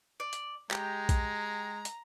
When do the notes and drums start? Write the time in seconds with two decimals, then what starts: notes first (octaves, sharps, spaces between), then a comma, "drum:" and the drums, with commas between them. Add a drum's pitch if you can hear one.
0.20 D5
0.33 drum: hi-hat
0.71 G#3 G4 G5 A#5, drum: clap
1.09 drum: kick B1, hi-hat
1.85 drum: hi-hat